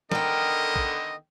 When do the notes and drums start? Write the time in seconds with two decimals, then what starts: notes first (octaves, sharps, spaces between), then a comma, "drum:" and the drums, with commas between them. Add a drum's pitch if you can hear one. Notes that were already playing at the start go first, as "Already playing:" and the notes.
0.12 D3 D#3 B3 A4 A#4 D#5 G5, drum: snare
0.76 drum: kick A#1